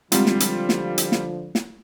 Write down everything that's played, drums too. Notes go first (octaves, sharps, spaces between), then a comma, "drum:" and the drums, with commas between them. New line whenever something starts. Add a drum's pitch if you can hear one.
D3 F3 G3 G#3 C4 F4, drum: hi-hat
drum: snare
drum: hi-hat
drum: snare
drum: hi-hat
drum: snare
drum: snare